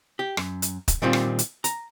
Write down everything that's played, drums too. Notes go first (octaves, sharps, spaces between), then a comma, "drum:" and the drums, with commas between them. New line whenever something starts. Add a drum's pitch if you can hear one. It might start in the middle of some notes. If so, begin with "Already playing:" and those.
G4
F#2, drum: rim click
drum: hi-hat
drum: kick, hi-hat
A#2 D#3 G3 C4 F4
drum: rim click
drum: hi-hat
A#5, drum: hi-hat